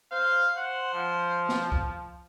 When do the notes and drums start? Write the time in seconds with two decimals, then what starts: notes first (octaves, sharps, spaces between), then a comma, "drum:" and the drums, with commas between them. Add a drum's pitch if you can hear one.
0.12 C5 F5
0.57 C5 F#5
0.94 F3
1.49 drum: snare
1.72 drum: kick C2